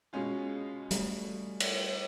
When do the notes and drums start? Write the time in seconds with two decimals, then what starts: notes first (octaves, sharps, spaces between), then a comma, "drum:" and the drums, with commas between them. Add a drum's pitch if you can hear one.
0.13 B2 G#3 C#4 F4
0.91 G3 A3, drum: hi-hat
1.60 drum: cymbal